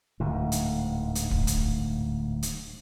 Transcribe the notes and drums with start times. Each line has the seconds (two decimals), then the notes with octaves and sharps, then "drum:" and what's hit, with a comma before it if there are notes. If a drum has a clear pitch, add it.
0.20 D1 D2 G#2
0.52 drum: hi-hat
1.15 drum: hi-hat
1.31 drum: kick
1.47 drum: kick, hi-hat
2.43 drum: hi-hat